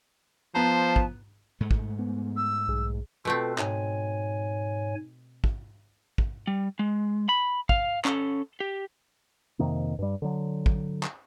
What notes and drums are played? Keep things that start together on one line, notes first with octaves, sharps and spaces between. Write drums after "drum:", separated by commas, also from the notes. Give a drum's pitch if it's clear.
F3 B3 C5 A5 A#5
drum: kick
G#2 G#3 A3
drum: kick
B3
E6
B1 G#4
B2 A3 C4 F4 A4 B4
G#2 C#5 G#5, drum: clap
drum: kick
drum: kick
G3
G#3
B5
F5, drum: kick
C#4 A4, drum: clap
G4
F2 C3 D#3 A#3
G2 G3
D3 F#3
drum: kick
drum: clap